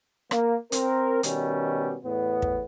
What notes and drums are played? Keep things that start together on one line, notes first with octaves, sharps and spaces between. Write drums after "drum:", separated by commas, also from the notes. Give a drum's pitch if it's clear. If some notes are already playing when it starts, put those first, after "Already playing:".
A#3, drum: rim click
C4 A#4, drum: hi-hat
B2 D#3 G3 C#4, drum: hi-hat
E2 A2 B3
drum: kick